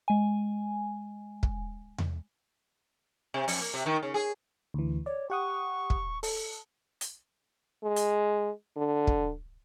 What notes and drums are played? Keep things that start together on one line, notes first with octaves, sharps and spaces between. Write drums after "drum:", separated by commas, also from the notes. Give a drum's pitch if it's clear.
G#3 G#5
drum: kick
drum: tom E2
C3
F2, drum: open hi-hat
A#3
C3
D#3
C#3
G#4
D2 E3
C#5 D5
G4 F#5 C#6 D#6
drum: kick
A4, drum: open hi-hat
drum: hi-hat
G#3
drum: hi-hat
D3
drum: kick